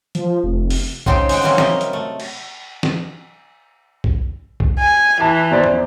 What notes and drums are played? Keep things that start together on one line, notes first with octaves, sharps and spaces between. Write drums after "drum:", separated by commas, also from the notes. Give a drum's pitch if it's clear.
F3, drum: hi-hat
F1
drum: open hi-hat
C#3 C4 D#4 G4 C5 G5, drum: kick A#1
G#3 F#5 G5, drum: open hi-hat
C3 E3 F#3 G3 A#3 C4
A#4 D#5, drum: snare
drum: hi-hat
A3
drum: cymbal
drum: snare
drum: kick A#1
drum: kick A#1
G#5
E3 A5
E2 C5 D5
drum: tom